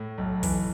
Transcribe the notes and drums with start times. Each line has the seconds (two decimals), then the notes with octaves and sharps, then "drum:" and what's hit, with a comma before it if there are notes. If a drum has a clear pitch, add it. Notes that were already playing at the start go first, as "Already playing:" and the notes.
Already playing: A2
0.18 B1
0.43 E3, drum: kick, open hi-hat